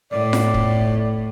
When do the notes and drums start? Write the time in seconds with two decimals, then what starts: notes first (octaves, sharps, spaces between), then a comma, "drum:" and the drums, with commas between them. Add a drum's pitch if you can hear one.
0.12 A2 D5
0.33 drum: snare F4
0.54 drum: kick